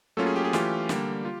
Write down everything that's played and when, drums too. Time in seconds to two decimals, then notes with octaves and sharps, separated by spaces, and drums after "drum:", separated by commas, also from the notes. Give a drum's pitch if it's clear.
0.17 F#3 A3 A#3 C#4 F4 A4
0.26 G#4
0.36 G4
0.44 G#4
0.53 E3 A3 C#4 F4 G4, drum: snare
0.89 D3 G3 A#3, drum: snare
1.25 F4